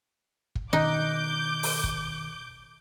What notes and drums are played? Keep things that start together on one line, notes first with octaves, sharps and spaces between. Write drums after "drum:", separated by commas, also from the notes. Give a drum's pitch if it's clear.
drum: kick
B2 D#3 D#4 D6 F#6 G6
drum: open hi-hat
drum: kick